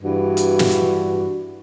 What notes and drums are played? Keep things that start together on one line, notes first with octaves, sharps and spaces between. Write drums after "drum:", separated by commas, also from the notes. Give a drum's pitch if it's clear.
G2 E3 F#4
drum: hi-hat
drum: snare